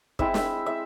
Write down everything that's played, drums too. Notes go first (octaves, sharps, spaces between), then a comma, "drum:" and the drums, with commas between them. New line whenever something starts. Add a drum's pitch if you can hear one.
G#3 C4 E4 E5, drum: kick
E5, drum: snare
E5